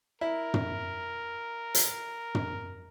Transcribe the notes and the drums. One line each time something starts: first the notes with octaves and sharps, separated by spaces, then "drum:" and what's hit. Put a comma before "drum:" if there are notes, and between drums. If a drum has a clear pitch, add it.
E4 A#4
drum: tom
drum: hi-hat
drum: tom